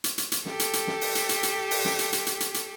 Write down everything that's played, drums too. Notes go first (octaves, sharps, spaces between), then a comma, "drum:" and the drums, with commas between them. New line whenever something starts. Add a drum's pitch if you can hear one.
drum: hi-hat
drum: hi-hat
drum: hi-hat
G4 A4, drum: snare
drum: hi-hat
drum: hi-hat
drum: snare
drum: open hi-hat
drum: hi-hat
drum: hi-hat
drum: hi-hat
drum: open hi-hat
drum: snare
drum: hi-hat
drum: hi-hat
drum: hi-hat
drum: hi-hat
drum: hi-hat